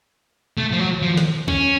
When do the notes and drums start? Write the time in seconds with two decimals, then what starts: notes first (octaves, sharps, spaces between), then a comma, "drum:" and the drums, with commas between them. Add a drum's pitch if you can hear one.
0.57 A3, drum: tom A#2
0.72 F3
0.79 F#3
1.02 F3
1.17 drum: snare
1.48 C#4, drum: kick C2